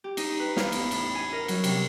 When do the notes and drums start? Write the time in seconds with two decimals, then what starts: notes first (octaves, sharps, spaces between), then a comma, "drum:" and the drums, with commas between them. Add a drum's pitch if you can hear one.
0.04 G4
0.17 D#4, drum: cymbal
0.40 B4
0.56 F5, drum: snare
0.72 E2, drum: cymbal
0.91 A2, drum: cymbal
1.15 G#5
1.33 A#4
1.48 F#3, drum: cymbal
1.64 C3, drum: cymbal